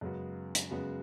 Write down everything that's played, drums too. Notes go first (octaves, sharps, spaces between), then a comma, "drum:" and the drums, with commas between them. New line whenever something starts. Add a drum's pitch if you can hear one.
F#2 C#3 G#3 B3 F#4
drum: hi-hat
F#2 C#3 G#3 B3 F#4